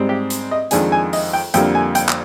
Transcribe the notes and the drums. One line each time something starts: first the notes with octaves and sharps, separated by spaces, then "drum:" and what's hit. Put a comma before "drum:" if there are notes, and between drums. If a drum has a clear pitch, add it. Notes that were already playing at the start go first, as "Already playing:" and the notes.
Already playing: G#2 G3 C4
G4
drum: hi-hat
D#5
F2 D#3 G#3 D4 G#5, drum: hi-hat
G#5
D#5, drum: open hi-hat
G5
F2 D3 G3 A#3 G5, drum: hi-hat
G#5
G5, drum: hi-hat
drum: clap